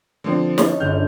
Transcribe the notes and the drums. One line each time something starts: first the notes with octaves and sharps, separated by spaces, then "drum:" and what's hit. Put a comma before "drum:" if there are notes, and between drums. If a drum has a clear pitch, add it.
D3 F3 C4
C#4 D#4, drum: snare
G1 D3 F#4 F6 G6